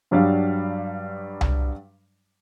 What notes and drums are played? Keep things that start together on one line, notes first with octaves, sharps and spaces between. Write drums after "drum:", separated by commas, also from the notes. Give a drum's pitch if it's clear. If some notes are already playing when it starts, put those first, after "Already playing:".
G2 F#3 G3 D4 F5
drum: tom C2